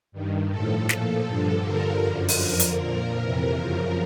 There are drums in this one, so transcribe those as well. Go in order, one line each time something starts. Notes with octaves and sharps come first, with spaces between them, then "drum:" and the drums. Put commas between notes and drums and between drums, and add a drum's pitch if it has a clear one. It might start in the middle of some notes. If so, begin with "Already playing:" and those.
G2 D#3
A2 F3 A4
A#2 F3, drum: snare
G2 D3 F3
G2 D3 F3 A#4
F#2 D3 F3
drum: open hi-hat
F2 D3 F3 A#4
drum: hi-hat
A#2 F3
F2 C3 E3 A#4
F#2 C#3 F3